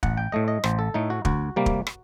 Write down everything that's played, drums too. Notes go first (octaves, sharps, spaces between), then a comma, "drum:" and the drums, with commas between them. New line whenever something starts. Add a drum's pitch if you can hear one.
A1 F#5, drum: kick
G5
A2 A3 D#5
D#5
A1 C5, drum: rim click
A4
A2 A3 D#4
F#4
D2 F#4, drum: kick
C3 G3 A#3
drum: kick
drum: rim click